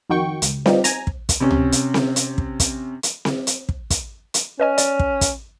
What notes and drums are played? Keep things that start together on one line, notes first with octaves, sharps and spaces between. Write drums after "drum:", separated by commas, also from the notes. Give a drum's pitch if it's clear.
F2 D#3 F#4 G5 C#6
C#2, drum: hi-hat
G3 B3 C4 D#4 F4 G4, drum: snare C4
G#5 A#5, drum: hi-hat
drum: kick
drum: kick, hi-hat
C3 C#4
drum: tom C#2
drum: hi-hat
drum: snare C4
drum: hi-hat
drum: kick
drum: kick, hi-hat
drum: hi-hat
drum: snare C4
drum: hi-hat
drum: kick
drum: kick, hi-hat
drum: hi-hat
C#4 B4 D#5 G#5
D5, drum: hi-hat
drum: kick
drum: kick, hi-hat